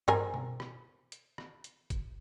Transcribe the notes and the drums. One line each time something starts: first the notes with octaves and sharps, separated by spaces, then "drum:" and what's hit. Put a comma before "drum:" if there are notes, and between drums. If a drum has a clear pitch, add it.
C4 A#4 G#5, drum: tom G2
drum: tom B2
drum: rim click
drum: hi-hat
drum: rim click
drum: hi-hat
drum: kick G#1, hi-hat